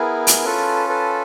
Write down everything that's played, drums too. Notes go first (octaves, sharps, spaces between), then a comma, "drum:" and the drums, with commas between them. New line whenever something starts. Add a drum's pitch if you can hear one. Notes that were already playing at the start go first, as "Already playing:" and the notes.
Already playing: B3 E4 G#4 A#4
drum: hi-hat
C#4 F4 A4 B4
A4 B4